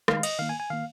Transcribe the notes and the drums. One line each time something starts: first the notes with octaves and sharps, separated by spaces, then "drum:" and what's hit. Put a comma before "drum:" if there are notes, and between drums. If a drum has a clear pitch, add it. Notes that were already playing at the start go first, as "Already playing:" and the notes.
D#3 G#3 F5, drum: rim click
D#5, drum: cymbal
D#3 A#3 F5
G#5
G#5
D#3 A#3 F5